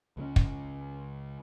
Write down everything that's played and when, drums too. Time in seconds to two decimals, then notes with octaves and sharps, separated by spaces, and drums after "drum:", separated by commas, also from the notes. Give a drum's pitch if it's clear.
0.17 C#2 G#3 C#4
0.36 drum: kick